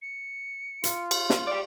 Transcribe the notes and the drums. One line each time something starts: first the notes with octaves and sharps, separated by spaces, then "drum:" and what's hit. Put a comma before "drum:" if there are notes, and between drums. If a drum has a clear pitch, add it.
C#7
F4, drum: hi-hat
drum: cymbal
drum: snare
G4 D5